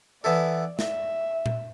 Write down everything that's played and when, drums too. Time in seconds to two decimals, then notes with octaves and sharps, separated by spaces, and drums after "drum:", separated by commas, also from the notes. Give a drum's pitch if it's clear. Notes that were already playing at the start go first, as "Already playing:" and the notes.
0.24 E3 B3 E4 A4 D5
0.79 E5, drum: snare
1.46 drum: tom A#2